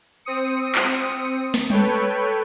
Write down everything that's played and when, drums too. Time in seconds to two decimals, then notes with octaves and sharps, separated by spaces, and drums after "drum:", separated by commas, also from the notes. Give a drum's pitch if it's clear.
0.25 C4 D#6 C#7
0.75 drum: clap
1.54 drum: snare
1.70 A4 B4 C#5 G5, drum: tom G3